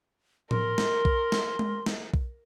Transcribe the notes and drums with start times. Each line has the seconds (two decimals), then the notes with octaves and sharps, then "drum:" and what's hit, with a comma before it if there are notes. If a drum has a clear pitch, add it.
0.51 A#4 C6, drum: tom A2
0.78 drum: snare
1.05 drum: kick B1
1.32 drum: snare
1.59 drum: tom G#3
1.86 drum: snare
2.14 drum: kick B1